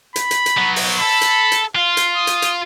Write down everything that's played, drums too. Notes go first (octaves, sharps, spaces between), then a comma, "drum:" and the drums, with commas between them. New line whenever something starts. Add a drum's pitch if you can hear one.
B5, drum: hi-hat
drum: hi-hat
drum: hi-hat
F#3 B3
drum: open hi-hat
A4 B5
drum: hi-hat
drum: hi-hat
F4 F5
drum: hi-hat
D#6
drum: hi-hat
drum: hi-hat